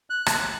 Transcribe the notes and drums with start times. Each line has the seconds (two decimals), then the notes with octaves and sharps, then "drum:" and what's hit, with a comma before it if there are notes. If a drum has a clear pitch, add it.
0.10 F#6
0.26 drum: rim click